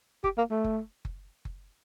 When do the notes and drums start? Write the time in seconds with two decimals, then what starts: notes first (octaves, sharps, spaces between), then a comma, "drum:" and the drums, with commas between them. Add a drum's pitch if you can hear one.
0.24 G4, drum: kick F#1
0.38 A#3
0.51 A3
0.64 drum: kick F#1
1.05 drum: kick F#1
1.45 drum: kick F#1